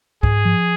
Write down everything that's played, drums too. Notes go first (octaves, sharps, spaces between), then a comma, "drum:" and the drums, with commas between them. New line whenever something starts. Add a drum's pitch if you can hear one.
G#2 G#4, drum: kick
F3